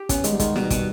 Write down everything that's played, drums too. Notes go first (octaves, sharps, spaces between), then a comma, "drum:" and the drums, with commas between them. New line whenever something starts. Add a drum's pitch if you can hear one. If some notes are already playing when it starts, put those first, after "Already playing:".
Already playing: G4
B3 C#4, drum: kick, hi-hat
D#3 G#3, drum: hi-hat
G3
D#3 G#3, drum: kick, hi-hat
B2 G3, drum: snare
B2, drum: kick, hi-hat